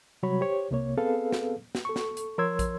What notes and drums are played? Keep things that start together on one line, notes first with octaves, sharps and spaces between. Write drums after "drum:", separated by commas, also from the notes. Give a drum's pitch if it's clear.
C3 F#3 G3 F#4 C#5 B5
G4 C5 C#5
C2 C3 A#3 C#5
B3 C4 G#4 A4 B4 F5
drum: snare
drum: snare
A4 C#6
drum: snare
drum: hi-hat
F3 A#4 C#5 C6 E6 G#6
drum: kick, hi-hat